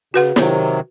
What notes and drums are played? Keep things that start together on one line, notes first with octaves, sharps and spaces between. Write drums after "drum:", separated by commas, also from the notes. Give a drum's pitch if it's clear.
C#3 F#4 B4 F#5
C3 D#3 F#3, drum: snare